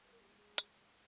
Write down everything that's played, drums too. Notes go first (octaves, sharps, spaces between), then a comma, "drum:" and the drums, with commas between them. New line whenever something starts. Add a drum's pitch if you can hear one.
G3 B4
A#4
A#3 E4 G4 G#4
G#3 G#4
drum: hi-hat